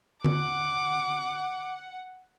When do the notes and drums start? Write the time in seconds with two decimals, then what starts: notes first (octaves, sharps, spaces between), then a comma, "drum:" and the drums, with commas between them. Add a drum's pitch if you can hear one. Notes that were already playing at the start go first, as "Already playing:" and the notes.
0.24 F#5 D6, drum: tom D3